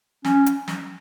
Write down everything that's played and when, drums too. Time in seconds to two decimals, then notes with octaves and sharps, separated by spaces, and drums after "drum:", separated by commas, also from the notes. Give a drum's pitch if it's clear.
0.24 C#4, drum: snare
0.46 drum: hi-hat
0.68 drum: snare